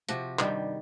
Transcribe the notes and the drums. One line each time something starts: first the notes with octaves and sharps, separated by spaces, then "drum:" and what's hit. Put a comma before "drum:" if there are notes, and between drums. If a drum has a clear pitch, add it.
C3 F3 F#4, drum: hi-hat
G2 D#3 G3, drum: clap